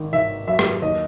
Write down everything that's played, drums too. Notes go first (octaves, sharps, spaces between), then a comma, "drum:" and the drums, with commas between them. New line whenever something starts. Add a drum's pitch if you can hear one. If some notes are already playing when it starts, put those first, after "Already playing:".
Already playing: G#1 D#3
D#3 E5
F#2 E5
drum: rim click
D#2 D#5